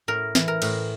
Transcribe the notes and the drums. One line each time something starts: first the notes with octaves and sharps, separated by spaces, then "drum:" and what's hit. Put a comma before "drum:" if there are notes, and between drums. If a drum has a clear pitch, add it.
A2 A#4
E3, drum: snare
A#4
A2, drum: cymbal